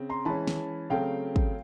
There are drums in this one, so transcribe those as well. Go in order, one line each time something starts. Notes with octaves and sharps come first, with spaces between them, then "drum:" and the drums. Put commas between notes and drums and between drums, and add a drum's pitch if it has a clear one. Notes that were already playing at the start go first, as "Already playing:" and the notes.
Already playing: C#3 C4
A#5 C6
E3 G#3 C#4 A5 B5
drum: snare
C#3 F#3 A3 C4 F5 G5
drum: kick